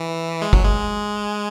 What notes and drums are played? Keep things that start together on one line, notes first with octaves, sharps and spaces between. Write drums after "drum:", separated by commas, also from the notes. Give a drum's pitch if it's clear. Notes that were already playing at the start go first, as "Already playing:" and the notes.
Already playing: E3
G#3
F#3, drum: kick
G#3